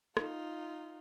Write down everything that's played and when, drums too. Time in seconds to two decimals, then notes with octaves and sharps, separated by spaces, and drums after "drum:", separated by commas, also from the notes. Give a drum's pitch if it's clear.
0.17 D#4 F4, drum: rim click